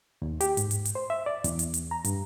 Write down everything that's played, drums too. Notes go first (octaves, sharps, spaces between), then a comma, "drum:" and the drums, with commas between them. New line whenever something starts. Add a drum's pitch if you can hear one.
D#2
G4, drum: hi-hat
G#2, drum: hi-hat
drum: hi-hat
drum: hi-hat
C5
E5
D5
E2, drum: hi-hat
drum: hi-hat
drum: hi-hat
A#5
G2, drum: hi-hat